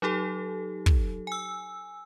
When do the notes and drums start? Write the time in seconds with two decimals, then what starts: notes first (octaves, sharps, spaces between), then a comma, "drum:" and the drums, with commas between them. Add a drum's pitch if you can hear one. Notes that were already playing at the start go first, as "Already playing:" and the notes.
0.02 F#3 D#4 G4 A4
0.86 drum: kick
1.27 G#5 E6